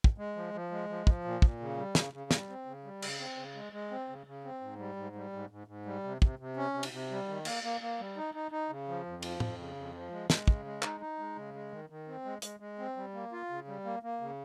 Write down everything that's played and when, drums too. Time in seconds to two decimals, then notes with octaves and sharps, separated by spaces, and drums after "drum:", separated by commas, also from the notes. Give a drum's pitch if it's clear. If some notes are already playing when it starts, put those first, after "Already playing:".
0.04 drum: kick
0.18 G#3
0.36 F3
0.54 F3
0.71 G#3
0.89 F3
1.07 F3, drum: kick
1.24 A#2
1.42 A#2, drum: kick
1.60 C#3
1.77 G3
1.95 C#3, drum: snare
2.13 C#3
2.31 G3, drum: snare
2.49 C4
2.66 C#3
2.84 G3
3.02 C#3, drum: cymbal
3.20 C4
3.37 C#3
3.55 G#3
3.73 G#3
3.91 C4
4.09 C#3
4.27 C#3
4.44 C4
4.61 G#2
4.79 G3
4.96 G#2
5.15 G3
5.33 G#2
5.50 G#2
5.67 G#2
5.85 G3
6.04 C3
6.22 C3, drum: kick
6.39 C3
6.57 C#4
6.74 C3
6.83 drum: cymbal
6.92 C3
7.11 G3
7.28 D#3
7.45 A#3, drum: cymbal
7.63 A#3
7.81 A#3
7.99 G3
8.17 D#4
8.35 D#4
8.52 D#4
8.70 C#3
8.88 F3
9.06 F2
9.23 F3, drum: cymbal
9.40 F2, drum: tom
9.59 C#3
9.76 F2
9.95 F3
10.11 G#3
10.30 G#3, drum: snare
10.48 C#3, drum: kick
10.65 G#3
10.82 D#4, drum: clap
11.00 D#4
11.19 G#3
11.36 C#3
11.54 G#3
11.72 D#3
11.90 D#3
12.08 C4
12.25 G#3
12.42 G#3, drum: hi-hat
12.60 G#3
12.79 C4
12.97 G3
13.14 A#3
13.32 F4
13.50 C#3
13.68 G3
13.85 A#3
14.03 A#3
14.21 C#3